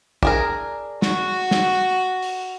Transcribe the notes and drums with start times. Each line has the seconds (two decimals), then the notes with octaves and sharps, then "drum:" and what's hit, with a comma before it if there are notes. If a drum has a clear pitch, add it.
0.23 D4 G#4 A#4, drum: kick
1.02 F#4, drum: snare
1.51 drum: snare
2.22 drum: open hi-hat